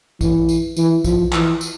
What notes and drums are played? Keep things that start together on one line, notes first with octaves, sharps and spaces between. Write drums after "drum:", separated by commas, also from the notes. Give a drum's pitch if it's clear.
E3, drum: kick A#1, tambourine
drum: tambourine
E3, drum: tambourine
F3, drum: kick A#1, tambourine
E3, drum: clap
drum: tambourine